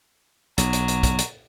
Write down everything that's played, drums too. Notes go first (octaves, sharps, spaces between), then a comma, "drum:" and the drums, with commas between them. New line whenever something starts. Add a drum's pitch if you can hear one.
B1 F#3, drum: hi-hat
drum: hi-hat
drum: hi-hat
drum: kick, hi-hat
drum: hi-hat